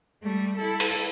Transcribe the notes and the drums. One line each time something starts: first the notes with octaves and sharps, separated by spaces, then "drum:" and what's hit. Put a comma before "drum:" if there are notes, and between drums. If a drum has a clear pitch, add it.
G3 A3
E4 A4
drum: cymbal